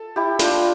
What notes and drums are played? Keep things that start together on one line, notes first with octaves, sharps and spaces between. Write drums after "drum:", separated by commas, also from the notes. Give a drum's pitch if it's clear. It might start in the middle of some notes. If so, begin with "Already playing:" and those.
Already playing: A4
E4 G4
D4 F4, drum: snare